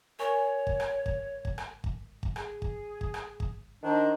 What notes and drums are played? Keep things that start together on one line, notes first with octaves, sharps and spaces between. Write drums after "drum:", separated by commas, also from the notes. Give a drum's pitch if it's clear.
A#4 C#5 G#5 C#6
drum: kick
drum: rim click
drum: kick
drum: kick
drum: rim click
drum: kick
drum: kick
G#4, drum: rim click
drum: kick
drum: kick
drum: rim click
drum: kick
D#3 D4 C5 D#5